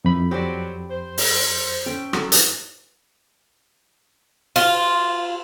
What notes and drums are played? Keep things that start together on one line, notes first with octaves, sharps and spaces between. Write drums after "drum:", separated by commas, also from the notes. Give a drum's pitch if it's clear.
F2 A#3 D#4 E4 B5
F#3 C4 G4 D5
C5
drum: open hi-hat
C#4 A4 G5
F#3 A4, drum: rim click
drum: hi-hat
F4, drum: cymbal